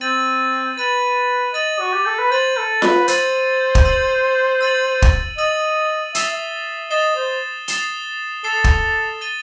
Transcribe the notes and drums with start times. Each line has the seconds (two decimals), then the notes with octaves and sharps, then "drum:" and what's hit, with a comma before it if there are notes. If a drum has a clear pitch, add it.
0.01 C4 A6 D#7 F#7
0.78 B4 A6 D#7 F#7
1.54 D#5 A6 D#7 F#7
1.79 F#4
1.93 G4
2.06 A4
2.19 B4
2.31 C5 A6 D#7 F#7
2.58 A4
2.82 B4, drum: snare F4
3.08 C5 E6 A6 D#7 F#7, drum: hi-hat
3.75 drum: kick
3.85 E6 A6 D#7 F#7
4.61 E6 A6 D#7 F#7
5.02 drum: kick
5.38 D#5 E6 A6 D#7 F#7
6.15 E5 D#6 A6 C7 E7 G7, drum: hi-hat
6.33 E5
6.91 D#5 D#6 A6 C7 E7 G7
7.16 C5
7.68 D#6 A6 C7 E7 G7, drum: hi-hat
8.44 A4 D#6 A6 C7 E7 G7
8.64 drum: kick
9.21 A6 D#7 G7